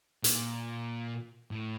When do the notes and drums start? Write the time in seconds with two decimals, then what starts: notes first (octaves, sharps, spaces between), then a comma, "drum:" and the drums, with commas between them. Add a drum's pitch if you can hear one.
0.24 A#2, drum: hi-hat
1.51 A2